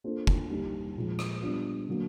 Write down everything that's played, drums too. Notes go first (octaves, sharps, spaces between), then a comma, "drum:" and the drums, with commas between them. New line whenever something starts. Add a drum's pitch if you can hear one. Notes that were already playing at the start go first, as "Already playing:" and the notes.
A#3 D4 F4 A4 C5
drum: kick
G3 A#3 D#4 G4
A#2 F3 G#3
drum: rim click
G3 B3 D4 F4
D3 F#3 A#3